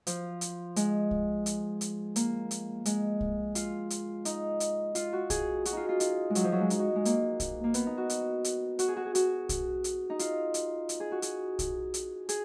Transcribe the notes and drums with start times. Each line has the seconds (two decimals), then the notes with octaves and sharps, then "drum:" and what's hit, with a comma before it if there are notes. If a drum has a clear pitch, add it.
0.07 F3, drum: hi-hat
0.41 drum: hi-hat
0.76 G#3, drum: hi-hat
1.11 drum: kick
1.46 drum: hi-hat
1.81 drum: hi-hat
2.16 A#3, drum: hi-hat
2.51 drum: hi-hat
2.85 G#3, drum: hi-hat
3.21 drum: kick
3.55 F4, drum: hi-hat
3.90 drum: hi-hat
4.25 D#4, drum: hi-hat
4.60 drum: hi-hat
4.95 F4, drum: hi-hat
5.13 F#4
5.30 G#4, drum: kick, hi-hat
5.65 F#4, drum: hi-hat
5.73 D#4 F4
5.89 F4
6.00 D#4, drum: hi-hat
6.30 G#3
6.35 F#3, drum: hi-hat
6.44 F3
6.52 F#3
6.61 G#3
6.70 D#4, drum: hi-hat
6.79 F#4
6.96 G#3
7.05 A#3, drum: hi-hat
7.40 drum: kick, hi-hat
7.64 A#3
7.74 B3, drum: hi-hat
7.87 D#4
7.97 F#4
8.10 drum: hi-hat
8.44 drum: hi-hat
8.79 F#4, drum: hi-hat
8.88 G#4
8.97 F#4
9.06 G#4
9.15 F#4, drum: hi-hat
9.49 drum: kick, hi-hat
9.84 drum: hi-hat
10.10 D#4
10.19 F4, drum: hi-hat
10.54 drum: hi-hat
10.89 drum: hi-hat
11.00 G#4
11.11 F#4
11.22 G#4, drum: hi-hat
11.59 drum: kick, hi-hat
11.94 drum: hi-hat
12.29 G#4, drum: hi-hat